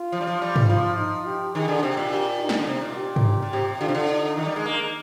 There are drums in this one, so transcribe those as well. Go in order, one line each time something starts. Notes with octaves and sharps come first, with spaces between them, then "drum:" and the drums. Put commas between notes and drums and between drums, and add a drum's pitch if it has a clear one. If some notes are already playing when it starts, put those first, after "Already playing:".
Already playing: F4
F3
G3
F3
G3
drum: tom
F3 F4
D#4
G4
D#3 G#4
D3
C3 G4
A#2
G4
D#4
drum: snare
D3
C3
A#2
G4
drum: tom
A#2
C3 G4
D3 F4
C3
D3
D#4
D#3
G3
G#3
A#3